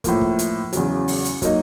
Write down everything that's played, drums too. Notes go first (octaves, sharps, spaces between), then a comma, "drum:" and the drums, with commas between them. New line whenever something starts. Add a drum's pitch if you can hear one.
A2 F3 A#3, drum: kick, hi-hat
drum: kick
drum: hi-hat
E2 C#3 F#3, drum: hi-hat
drum: open hi-hat
drum: hi-hat
F#3 A#3 D#4, drum: kick, hi-hat